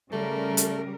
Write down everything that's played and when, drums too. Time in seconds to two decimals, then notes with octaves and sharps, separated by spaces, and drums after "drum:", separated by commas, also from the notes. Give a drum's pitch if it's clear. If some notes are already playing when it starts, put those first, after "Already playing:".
0.13 C#3 G3 A3 A#4
0.57 drum: hi-hat